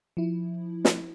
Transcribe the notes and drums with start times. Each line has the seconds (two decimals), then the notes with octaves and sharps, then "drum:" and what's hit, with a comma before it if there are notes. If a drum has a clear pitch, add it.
0.17 F3 E4
0.85 drum: snare